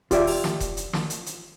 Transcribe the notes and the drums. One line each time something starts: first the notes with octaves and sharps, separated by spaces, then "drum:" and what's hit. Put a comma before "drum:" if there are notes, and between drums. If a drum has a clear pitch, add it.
F4 G4 D5 E5, drum: kick D#1, hi-hat
drum: open hi-hat
drum: snare
drum: kick D#1, hi-hat
drum: hi-hat
drum: snare
drum: hi-hat
drum: hi-hat